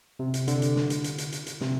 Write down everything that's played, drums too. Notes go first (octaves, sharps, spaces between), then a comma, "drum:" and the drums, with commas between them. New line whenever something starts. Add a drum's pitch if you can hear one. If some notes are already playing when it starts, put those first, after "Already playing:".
C3
drum: hi-hat
D3, drum: hi-hat
drum: hi-hat
drum: snare
drum: hi-hat
drum: hi-hat
drum: hi-hat
drum: hi-hat
drum: hi-hat
C3, drum: snare